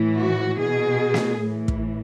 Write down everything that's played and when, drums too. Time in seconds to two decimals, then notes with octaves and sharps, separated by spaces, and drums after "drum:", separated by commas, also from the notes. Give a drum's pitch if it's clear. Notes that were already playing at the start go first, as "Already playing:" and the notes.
Already playing: A2 E3
0.20 F#4
0.60 B2 G#4
1.14 drum: snare
1.41 A2 E3
1.68 drum: kick